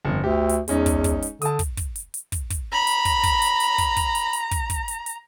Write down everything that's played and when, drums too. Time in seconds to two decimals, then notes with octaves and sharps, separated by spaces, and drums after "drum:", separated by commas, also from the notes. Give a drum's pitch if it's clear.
0.05 G1 F2
0.24 D2 G4
0.49 drum: hi-hat
0.68 E2 G#3 C#4 D#4, drum: hi-hat
0.86 drum: kick, hi-hat
1.04 drum: kick, hi-hat
1.22 drum: hi-hat
1.42 D3 A5 D#6, drum: hi-hat
1.59 drum: kick, hi-hat
1.77 drum: kick, hi-hat
1.96 drum: hi-hat
2.14 drum: hi-hat
2.32 drum: kick, hi-hat
2.50 drum: kick, hi-hat
2.72 A#5 B5
2.87 drum: hi-hat
3.05 drum: kick, hi-hat
3.23 drum: kick, hi-hat
3.42 drum: hi-hat
3.60 drum: hi-hat
3.78 drum: kick, hi-hat
3.97 drum: kick, hi-hat
4.15 drum: hi-hat
4.33 drum: hi-hat
4.51 drum: kick, hi-hat
4.70 drum: kick, hi-hat
4.88 drum: hi-hat
5.06 drum: hi-hat